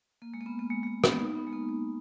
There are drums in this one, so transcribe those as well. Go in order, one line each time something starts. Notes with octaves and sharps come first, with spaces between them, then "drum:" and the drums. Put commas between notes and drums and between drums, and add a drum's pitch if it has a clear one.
A#3
G#3
A#3
B3
A#3
G#3
G#3
A#3
B3, drum: rim click
D#4
B3
G#3
A#3
A#3